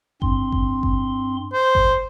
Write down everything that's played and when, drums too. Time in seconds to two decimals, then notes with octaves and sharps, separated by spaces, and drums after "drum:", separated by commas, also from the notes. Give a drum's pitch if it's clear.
0.22 G2 C4 C6, drum: kick G1
0.52 drum: kick G1
0.83 drum: kick G1
1.53 C5
1.75 drum: kick G1